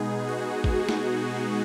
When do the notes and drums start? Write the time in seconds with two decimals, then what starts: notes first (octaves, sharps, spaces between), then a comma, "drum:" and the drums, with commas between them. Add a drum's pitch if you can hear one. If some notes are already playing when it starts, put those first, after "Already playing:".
Already playing: B2 G#3 B3 D#4 G#4
0.28 F#4
0.64 drum: kick
0.89 drum: snare